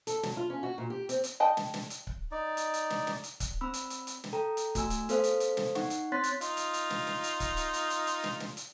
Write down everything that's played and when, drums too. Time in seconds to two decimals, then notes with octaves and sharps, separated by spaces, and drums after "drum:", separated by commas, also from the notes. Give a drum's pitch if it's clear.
0.07 A4, drum: hi-hat
0.23 F#3, drum: snare
0.37 F4
0.50 C#4
0.63 F#4
0.78 A#2
0.90 G4
1.09 C4, drum: hi-hat
1.24 drum: hi-hat
1.40 D#5 G5 A5
1.57 drum: snare
1.74 drum: snare
1.90 drum: hi-hat
2.07 drum: kick C#1
2.31 D#4 D5
2.57 drum: hi-hat
2.74 drum: hi-hat
2.90 drum: snare
3.07 drum: snare
3.24 drum: hi-hat
3.40 drum: kick C#1, hi-hat
3.61 C4 B5 E6
3.74 drum: hi-hat
3.90 drum: hi-hat
4.07 drum: hi-hat
4.24 drum: snare
4.33 A4 G5 A#5
4.57 drum: hi-hat
4.75 A3 F#4 G#5 E6, drum: kick C#1, hi-hat
4.90 drum: hi-hat
5.09 B3 A4 C5 F5, drum: hi-hat
5.24 drum: hi-hat
5.40 drum: hi-hat
5.57 drum: snare
5.75 D#4 F#5 C#6, drum: snare
5.90 drum: hi-hat
6.12 C4 C#5 C6 F#6 A6 B6
6.24 drum: hi-hat
6.41 D#4 F4, drum: hi-hat
6.57 drum: hi-hat
6.74 drum: hi-hat
6.90 drum: snare
7.07 drum: snare
7.24 drum: hi-hat
7.40 drum: kick C#1, hi-hat
7.57 drum: hi-hat
7.74 drum: hi-hat
7.90 drum: hi-hat
8.07 drum: hi-hat
8.24 drum: snare
8.40 drum: snare
8.57 drum: hi-hat